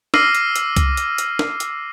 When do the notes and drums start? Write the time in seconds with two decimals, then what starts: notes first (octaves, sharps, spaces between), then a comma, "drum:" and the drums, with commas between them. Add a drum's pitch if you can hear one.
0.14 D6 E6 F6 A#6 C7 D#7, drum: snare
0.35 drum: hi-hat
0.56 drum: hi-hat
0.76 drum: kick C2, hi-hat
0.97 drum: hi-hat
1.18 drum: hi-hat
1.39 drum: snare
1.60 drum: hi-hat